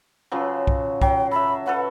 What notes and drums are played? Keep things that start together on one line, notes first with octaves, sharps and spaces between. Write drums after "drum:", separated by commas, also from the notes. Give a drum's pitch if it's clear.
C#3 F3 F#3
drum: kick B1
F#3 G5, drum: kick B1
A4 E5 B5
A4 B4 C#5 F#5